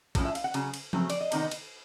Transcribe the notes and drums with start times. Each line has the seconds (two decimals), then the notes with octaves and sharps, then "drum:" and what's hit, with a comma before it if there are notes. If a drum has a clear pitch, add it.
0.15 A2 F3 C#4 E4, drum: kick, cymbal
0.25 E5
0.35 F5, drum: cymbal
0.44 F#5
0.54 C#3 F#3, drum: cymbal
0.74 drum: cymbal
0.93 C#3 F#3 A3 C4, drum: tom F3
1.10 D5, drum: cymbal
1.21 D#5
1.32 C3 D#3 B3 D#4, drum: cymbal
1.51 drum: cymbal